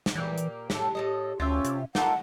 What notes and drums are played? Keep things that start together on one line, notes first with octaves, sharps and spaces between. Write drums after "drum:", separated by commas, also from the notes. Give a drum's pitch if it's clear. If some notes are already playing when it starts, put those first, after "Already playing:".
drum: snare
A#2 E3 A#3 G4
drum: hi-hat
A2 G4 A4, drum: snare
A2 A4 D#5
D2 C#4 F4 G4 E5
C3, drum: hi-hat
A#3 D#4 F4 A4 F#5, drum: snare